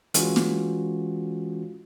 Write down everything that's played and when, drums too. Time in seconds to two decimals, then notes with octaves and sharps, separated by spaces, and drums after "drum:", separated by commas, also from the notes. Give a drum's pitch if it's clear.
0.14 E3 G#3 C#4 F4 F#4, drum: hi-hat
0.36 drum: snare